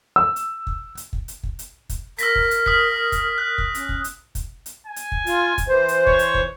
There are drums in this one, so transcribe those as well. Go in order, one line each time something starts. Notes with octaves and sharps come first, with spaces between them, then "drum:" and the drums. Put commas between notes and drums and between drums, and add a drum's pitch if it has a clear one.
E6
drum: hi-hat
drum: kick
drum: hi-hat
drum: kick
drum: hi-hat
drum: kick
drum: hi-hat
drum: kick, hi-hat
A#4 E6 A#6 B6, drum: hi-hat
drum: kick
drum: hi-hat
D#6 F6 B6, drum: kick
drum: kick, hi-hat
F#6
drum: kick
C#4, drum: hi-hat
drum: kick
drum: hi-hat
drum: kick, hi-hat
drum: hi-hat
G#5
drum: hi-hat
drum: kick
F4, drum: hi-hat
drum: kick, hi-hat
E3 C5
drum: hi-hat
C#5, drum: kick
drum: hi-hat
drum: kick